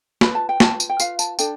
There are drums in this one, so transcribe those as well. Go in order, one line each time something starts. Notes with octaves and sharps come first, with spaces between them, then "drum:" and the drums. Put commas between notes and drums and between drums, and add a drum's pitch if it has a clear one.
F4 B4 B5, drum: snare
A5
G5
F4 B4 A5, drum: snare
drum: tambourine
G5
F4 B4 F5, drum: tambourine
A5, drum: tambourine
D4 A4 G5, drum: tambourine